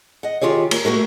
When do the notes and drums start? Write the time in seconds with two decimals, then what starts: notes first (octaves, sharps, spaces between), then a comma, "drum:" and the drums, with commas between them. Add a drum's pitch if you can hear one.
0.23 D#5 F#5
0.41 D#3 E4 F4 G4 G#4 C#5
0.71 A#3, drum: cymbal
0.85 A3 A#3 E4 F#4 A#4